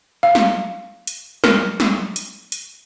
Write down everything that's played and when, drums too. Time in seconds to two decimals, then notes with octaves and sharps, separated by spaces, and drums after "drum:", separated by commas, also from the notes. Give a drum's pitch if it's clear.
0.23 F5
0.35 drum: snare
1.07 drum: hi-hat
1.44 A#4, drum: snare
1.80 drum: snare
2.16 drum: hi-hat
2.52 drum: hi-hat